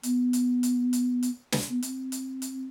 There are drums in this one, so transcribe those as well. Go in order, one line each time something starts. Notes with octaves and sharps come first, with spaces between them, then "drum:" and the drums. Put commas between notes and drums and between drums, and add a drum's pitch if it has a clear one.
B3, drum: hi-hat
drum: hi-hat
drum: hi-hat
drum: hi-hat
drum: hi-hat
drum: snare
B3
C4, drum: hi-hat
drum: hi-hat
drum: hi-hat